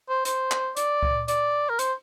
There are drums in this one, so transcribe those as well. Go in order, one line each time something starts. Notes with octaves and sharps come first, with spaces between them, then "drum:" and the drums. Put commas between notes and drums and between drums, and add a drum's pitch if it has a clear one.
C5
C5, drum: hi-hat
drum: clap
D5, drum: hi-hat
drum: kick C#2
D5, drum: hi-hat
A#4
C5, drum: hi-hat